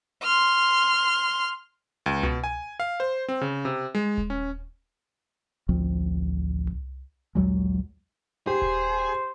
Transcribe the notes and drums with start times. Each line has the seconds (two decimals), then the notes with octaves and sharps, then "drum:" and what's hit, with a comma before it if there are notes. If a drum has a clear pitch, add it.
0.23 C6 F6
2.06 C#2
2.23 B2, drum: tom C2
2.44 G#5
2.80 F5
3.00 C5
3.28 C4
3.41 C#3
3.65 C3
3.95 G#3
4.17 drum: kick D#1
4.30 C#4
5.69 A1 D2 F3 C4
6.67 drum: tom C2
7.35 A#1 D#2 F#3 G#3
8.47 G4 G#4 C5
8.62 drum: kick D#1